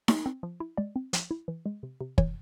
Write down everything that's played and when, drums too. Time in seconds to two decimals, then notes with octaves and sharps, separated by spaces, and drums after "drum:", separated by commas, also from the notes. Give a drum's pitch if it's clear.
0.08 G#3, drum: snare D#4
0.26 C4
0.43 F3
0.60 E4
0.77 G#3 D5
0.96 C4
1.13 F3, drum: hi-hat
1.31 E4
1.48 E3
1.66 G#3
1.83 C3
2.01 C3
2.18 E3 C#5, drum: kick